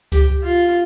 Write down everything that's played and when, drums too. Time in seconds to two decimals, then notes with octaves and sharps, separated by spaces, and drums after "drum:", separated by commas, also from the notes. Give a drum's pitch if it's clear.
0.12 G4, drum: kick C#2, hi-hat
0.43 F4